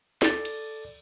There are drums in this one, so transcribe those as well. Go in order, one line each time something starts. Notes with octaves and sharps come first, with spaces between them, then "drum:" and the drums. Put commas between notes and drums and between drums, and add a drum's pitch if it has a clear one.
A4 D5 A6, drum: snare
drum: cymbal